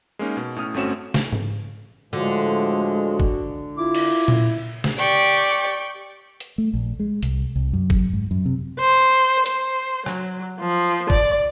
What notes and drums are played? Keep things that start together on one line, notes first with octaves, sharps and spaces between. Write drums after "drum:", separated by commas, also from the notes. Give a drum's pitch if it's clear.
G#3 A#3 C#4 D#4
B2
A2 C#4 D#6 F6
G1 A3 C4 C#4 F#4 E7
drum: snare
drum: tom G#2
A2 D3 F3 G#3 F#4
drum: kick
E4 F4 D6
drum: cymbal
drum: tom A#2
drum: snare
G4 D5 G5 C#6
drum: hi-hat
A3
A#1
G#3
C2, drum: hi-hat
C2
F#2
drum: kick
G#2
F#2
C3
C5
C5, drum: hi-hat
F#3, drum: rim click
F3
D5, drum: kick